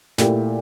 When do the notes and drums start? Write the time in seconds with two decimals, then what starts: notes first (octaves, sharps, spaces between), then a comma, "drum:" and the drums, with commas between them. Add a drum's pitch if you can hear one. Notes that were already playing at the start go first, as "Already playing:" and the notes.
0.18 A#2 A3 E4 G4, drum: snare